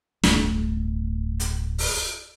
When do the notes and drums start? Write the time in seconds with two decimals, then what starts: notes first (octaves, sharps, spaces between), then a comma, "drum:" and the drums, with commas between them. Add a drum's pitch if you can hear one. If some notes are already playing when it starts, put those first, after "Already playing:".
0.23 D1 G1 A3, drum: snare
1.40 drum: hi-hat
1.78 drum: open hi-hat